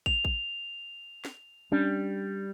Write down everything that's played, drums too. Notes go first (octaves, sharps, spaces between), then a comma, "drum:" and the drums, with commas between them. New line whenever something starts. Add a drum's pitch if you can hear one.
F7, drum: kick
drum: kick
drum: snare
G3 C#4 D4